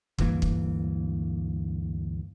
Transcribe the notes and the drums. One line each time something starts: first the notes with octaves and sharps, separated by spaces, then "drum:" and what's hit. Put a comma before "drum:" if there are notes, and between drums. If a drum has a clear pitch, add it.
D2 G2 E3 A#3, drum: kick
drum: kick